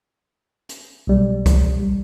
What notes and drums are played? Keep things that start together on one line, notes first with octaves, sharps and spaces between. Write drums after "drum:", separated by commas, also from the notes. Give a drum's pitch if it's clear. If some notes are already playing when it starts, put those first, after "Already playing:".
drum: hi-hat
B1 G3
drum: kick C#2, hi-hat